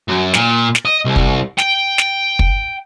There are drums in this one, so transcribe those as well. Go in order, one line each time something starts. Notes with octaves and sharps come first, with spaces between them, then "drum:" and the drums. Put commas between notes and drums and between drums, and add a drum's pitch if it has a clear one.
F#2
A#2, drum: snare
drum: snare
D#5
C2
drum: kick
G5, drum: snare
drum: snare
drum: kick